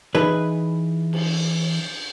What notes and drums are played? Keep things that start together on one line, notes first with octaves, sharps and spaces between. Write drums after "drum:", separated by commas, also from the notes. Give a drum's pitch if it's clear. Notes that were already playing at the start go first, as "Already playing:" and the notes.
E3 D#4 G#4 B4
drum: cymbal